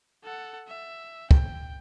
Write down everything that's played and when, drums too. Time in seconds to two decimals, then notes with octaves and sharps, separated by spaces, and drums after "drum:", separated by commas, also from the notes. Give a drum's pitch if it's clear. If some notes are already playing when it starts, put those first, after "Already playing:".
0.24 A4 F#5
0.68 E5
1.31 G5, drum: kick